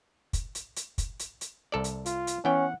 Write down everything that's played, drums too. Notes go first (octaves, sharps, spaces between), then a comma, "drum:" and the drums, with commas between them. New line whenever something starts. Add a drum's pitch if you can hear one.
drum: kick, hi-hat
drum: hi-hat
drum: hi-hat
drum: kick, hi-hat
drum: hi-hat
drum: hi-hat
C2 A4 D5
drum: hi-hat
F4, drum: hi-hat
drum: hi-hat
E3 B3 C#4 F#5 G5